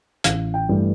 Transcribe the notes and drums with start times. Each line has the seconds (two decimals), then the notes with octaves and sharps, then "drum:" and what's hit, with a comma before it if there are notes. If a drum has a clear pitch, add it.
0.24 A1 F5, drum: hi-hat
0.54 G5
0.69 G2 E3 A3